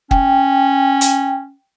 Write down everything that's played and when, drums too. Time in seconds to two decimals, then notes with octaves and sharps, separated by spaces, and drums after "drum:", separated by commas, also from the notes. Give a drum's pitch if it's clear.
0.11 C#4 G5, drum: kick
1.01 drum: hi-hat